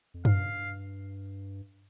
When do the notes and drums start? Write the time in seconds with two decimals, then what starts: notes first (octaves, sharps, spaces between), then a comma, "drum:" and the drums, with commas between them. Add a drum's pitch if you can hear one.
0.14 F2
0.25 G2 F5, drum: tom F#2